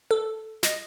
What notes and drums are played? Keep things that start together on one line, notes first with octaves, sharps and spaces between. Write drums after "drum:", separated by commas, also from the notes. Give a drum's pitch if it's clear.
A4
D#5, drum: snare